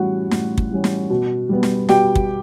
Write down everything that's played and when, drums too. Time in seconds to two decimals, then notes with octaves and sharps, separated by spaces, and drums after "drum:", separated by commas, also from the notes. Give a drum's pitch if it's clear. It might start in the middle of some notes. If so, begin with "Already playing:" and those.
Already playing: A2 E3 G3 C#4 E4 F#4 F#5
0.31 A2, drum: snare
0.58 drum: kick
0.71 E3 G3 C#4
0.84 drum: snare
1.10 B2
1.49 G3 B3
1.63 drum: snare
1.89 B2 G4 G5, drum: snare
2.15 drum: kick